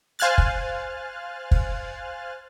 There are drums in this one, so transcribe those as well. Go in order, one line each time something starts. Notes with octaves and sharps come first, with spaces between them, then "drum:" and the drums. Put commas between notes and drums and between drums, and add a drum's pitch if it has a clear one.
C5 F5 G#5 F6 F#6 A6
drum: kick
drum: kick